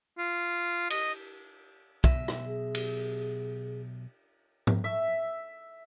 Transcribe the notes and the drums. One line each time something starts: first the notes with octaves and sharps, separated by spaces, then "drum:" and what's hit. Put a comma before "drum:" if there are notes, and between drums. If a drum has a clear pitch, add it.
F4
D#5, drum: cymbal
B1 B2 E5, drum: kick
drum: rim click
G#4
drum: cymbal
drum: tom G#2
E5